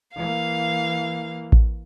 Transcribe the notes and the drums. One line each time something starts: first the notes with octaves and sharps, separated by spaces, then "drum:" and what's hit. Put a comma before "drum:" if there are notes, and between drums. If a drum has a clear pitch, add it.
E3 A#3 F5
drum: kick A1